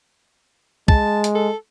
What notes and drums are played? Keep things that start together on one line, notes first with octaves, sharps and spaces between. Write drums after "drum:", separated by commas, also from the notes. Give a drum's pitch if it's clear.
G#3 A5, drum: kick
drum: hi-hat
A4